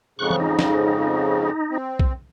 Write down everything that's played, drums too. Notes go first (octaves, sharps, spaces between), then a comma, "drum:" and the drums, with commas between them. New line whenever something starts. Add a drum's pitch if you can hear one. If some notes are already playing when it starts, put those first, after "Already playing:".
F2 G#2 C#3 C#6 F#6
drum: tom E3
D#4
drum: snare
C4
drum: kick B1